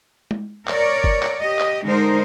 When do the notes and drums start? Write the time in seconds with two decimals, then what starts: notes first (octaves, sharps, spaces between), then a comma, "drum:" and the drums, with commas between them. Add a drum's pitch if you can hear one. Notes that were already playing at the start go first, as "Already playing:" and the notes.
0.31 drum: tom G#3
0.68 A#4 C#5 D5, drum: clap
1.04 drum: kick
1.22 drum: clap
1.41 G4 D#5
1.59 drum: clap
1.84 D3 G#3 D#4 A#4 C5